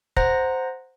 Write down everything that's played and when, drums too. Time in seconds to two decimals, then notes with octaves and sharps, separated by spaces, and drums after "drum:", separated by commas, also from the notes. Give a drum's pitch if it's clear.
0.16 C5 F#5 A#5 F#6 A#6, drum: kick